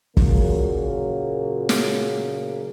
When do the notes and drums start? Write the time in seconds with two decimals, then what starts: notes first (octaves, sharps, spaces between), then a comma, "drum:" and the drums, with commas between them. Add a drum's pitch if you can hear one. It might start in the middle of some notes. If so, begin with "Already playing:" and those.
0.17 A#2 C#3 F#3 A#3, drum: kick
1.69 drum: snare